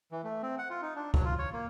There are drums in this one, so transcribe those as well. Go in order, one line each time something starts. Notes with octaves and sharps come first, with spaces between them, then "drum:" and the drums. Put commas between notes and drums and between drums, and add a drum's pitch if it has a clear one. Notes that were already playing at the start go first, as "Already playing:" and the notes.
E3
A3
C4
F#5
F4
D#4
D4
F#3, drum: kick C#2
F4
C#5
A#3